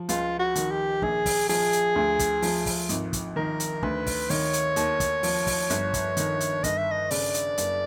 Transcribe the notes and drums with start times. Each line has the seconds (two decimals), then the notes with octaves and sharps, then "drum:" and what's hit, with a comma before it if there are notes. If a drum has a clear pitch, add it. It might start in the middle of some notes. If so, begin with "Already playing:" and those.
Already playing: F3
0.09 C#2 F4, drum: hi-hat
0.40 F#4
0.55 D#3, drum: hi-hat
0.71 G4
1.02 A#1 G#4, drum: kick
1.26 drum: kick, open hi-hat
1.49 F3 G#4, drum: open hi-hat
1.73 drum: hi-hat
1.96 D2
2.19 drum: kick, hi-hat
2.42 F3, drum: open hi-hat
2.66 drum: kick, open hi-hat
2.89 G#1, drum: hi-hat
3.13 drum: kick, hi-hat
3.36 D#3 A#4
3.60 drum: hi-hat
3.83 D2 B4, drum: kick
4.07 drum: kick, open hi-hat
4.30 D#3 C#5, drum: open hi-hat
4.53 drum: hi-hat
4.76 D#2, drum: hi-hat
5.00 drum: kick, hi-hat
5.23 F3, drum: open hi-hat
5.47 drum: kick, open hi-hat
5.70 G1, drum: hi-hat
5.94 drum: kick, hi-hat
6.17 D#3, drum: hi-hat
6.41 drum: hi-hat
6.64 G1 D#5, drum: kick, hi-hat
6.77 E5
6.91 D#5
7.11 C#3 D5, drum: open hi-hat
7.34 drum: hi-hat
7.58 F#1, drum: hi-hat